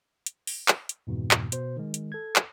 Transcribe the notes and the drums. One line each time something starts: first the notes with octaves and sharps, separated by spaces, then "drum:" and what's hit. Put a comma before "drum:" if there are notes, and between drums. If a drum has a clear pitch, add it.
drum: hi-hat
drum: open hi-hat
drum: clap
drum: hi-hat
F2 G#2 B2 E3
drum: clap
B2 C5, drum: hi-hat
D#3 G#3
drum: hi-hat
A4 G#6
drum: clap